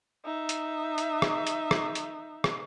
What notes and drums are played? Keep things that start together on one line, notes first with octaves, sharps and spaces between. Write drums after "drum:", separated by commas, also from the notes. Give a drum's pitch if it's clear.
D#4 E5
drum: hi-hat
drum: hi-hat
drum: rim click
drum: hi-hat
drum: rim click
drum: hi-hat
drum: rim click